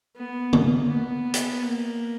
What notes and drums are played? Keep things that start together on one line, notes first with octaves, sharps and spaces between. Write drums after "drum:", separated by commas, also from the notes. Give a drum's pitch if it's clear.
B3
A#3, drum: tom D3
B3
drum: hi-hat
A#3